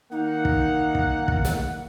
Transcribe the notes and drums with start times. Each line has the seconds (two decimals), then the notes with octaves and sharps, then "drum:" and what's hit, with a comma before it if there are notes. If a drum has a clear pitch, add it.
0.12 D#3 A#3 D#4 F#5
0.45 drum: kick
0.95 drum: kick
1.28 drum: kick
1.45 drum: snare